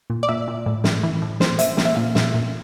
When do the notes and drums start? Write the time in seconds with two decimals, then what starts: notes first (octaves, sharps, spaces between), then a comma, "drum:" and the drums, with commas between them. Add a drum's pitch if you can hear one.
0.10 A#2
0.23 D5
0.29 A#2 E5
0.48 A#2
0.66 A2
0.84 A2, drum: snare
1.03 E3
1.22 A2
1.40 A#2 C5, drum: snare
1.59 A#2 E5, drum: hi-hat
1.77 A#2, drum: snare
1.85 E5
1.96 A#2 F5
2.15 A#2 E5, drum: snare
2.34 A#2